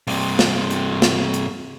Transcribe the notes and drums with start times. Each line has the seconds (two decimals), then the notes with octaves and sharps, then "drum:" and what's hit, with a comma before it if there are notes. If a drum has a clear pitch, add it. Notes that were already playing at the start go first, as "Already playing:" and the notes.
0.07 G2 C3, drum: open hi-hat
0.39 drum: snare
0.71 drum: hi-hat
1.02 drum: snare
1.34 drum: hi-hat